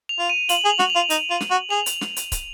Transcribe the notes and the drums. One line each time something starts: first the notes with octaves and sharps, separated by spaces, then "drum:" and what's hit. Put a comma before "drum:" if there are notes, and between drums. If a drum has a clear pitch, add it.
F7
F4
D#7
F4 F#7, drum: hi-hat
G#4 F#7
F7
F#4, drum: snare
F7
F4
D#4, drum: hi-hat
F4
drum: snare
F#4
G#4 F7
drum: hi-hat
drum: snare
drum: hi-hat
drum: kick, hi-hat